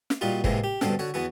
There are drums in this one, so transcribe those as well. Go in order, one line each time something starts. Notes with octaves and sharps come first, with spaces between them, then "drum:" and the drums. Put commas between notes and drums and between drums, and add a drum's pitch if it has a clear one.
drum: snare
A#2 G3 D#4 F4 F#4
D#2 A2 C3 E3 G#3 A#3, drum: kick G1
G4
G2 B2 D3 C4 A4, drum: snare
D3 F#4 C#5
E2 E3 B3 F#4